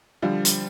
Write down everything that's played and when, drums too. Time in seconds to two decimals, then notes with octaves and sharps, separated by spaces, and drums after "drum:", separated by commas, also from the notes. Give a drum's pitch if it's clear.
0.22 D3 F3 G3
0.45 drum: hi-hat